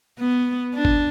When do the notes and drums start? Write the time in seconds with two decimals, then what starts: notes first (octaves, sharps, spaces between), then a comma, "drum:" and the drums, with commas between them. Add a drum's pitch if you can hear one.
0.19 B3
0.75 D4
0.85 drum: kick